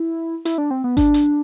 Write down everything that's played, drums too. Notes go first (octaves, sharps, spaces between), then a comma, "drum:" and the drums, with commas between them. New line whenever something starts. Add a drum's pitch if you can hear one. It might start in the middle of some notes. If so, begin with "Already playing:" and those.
Already playing: E4
E4, drum: hi-hat
D4
C4
B3
D4, drum: kick G#1, hi-hat
drum: hi-hat